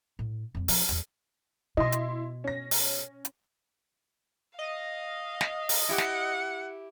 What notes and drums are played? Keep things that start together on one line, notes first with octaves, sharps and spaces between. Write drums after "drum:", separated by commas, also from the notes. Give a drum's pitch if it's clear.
A2
F2 G3
C#3 F3, drum: open hi-hat
E2 G3, drum: hi-hat
B2 E4 D#5 C6
drum: hi-hat
C#4 A#6
drum: open hi-hat
drum: hi-hat
D#5 F5
drum: snare
drum: open hi-hat
E4 G4 F#5
drum: snare